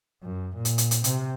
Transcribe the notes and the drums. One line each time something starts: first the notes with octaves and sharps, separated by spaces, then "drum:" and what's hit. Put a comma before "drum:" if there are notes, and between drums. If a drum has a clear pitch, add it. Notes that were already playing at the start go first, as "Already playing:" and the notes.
F#2
A#2
drum: hi-hat
drum: hi-hat
drum: hi-hat
C3, drum: hi-hat